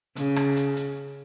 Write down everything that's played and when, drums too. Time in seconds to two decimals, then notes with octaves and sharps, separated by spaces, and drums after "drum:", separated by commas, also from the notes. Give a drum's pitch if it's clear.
0.16 C#3, drum: hi-hat
0.36 drum: rim click
0.56 drum: hi-hat
0.76 drum: hi-hat